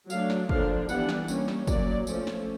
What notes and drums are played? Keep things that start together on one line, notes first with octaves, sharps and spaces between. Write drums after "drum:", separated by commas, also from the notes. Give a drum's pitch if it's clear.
F#3 A3 D4 F5, drum: tambourine
drum: snare
D3 F3 A#3 D4 F5, drum: kick
E3 G3 B3 D4 F#5, drum: tambourine
drum: snare
G3 A#3 C#4, drum: tambourine
drum: snare
F#3 A#3 C#4 D5, drum: kick, tambourine
F3 A3 C#4, drum: tambourine
drum: snare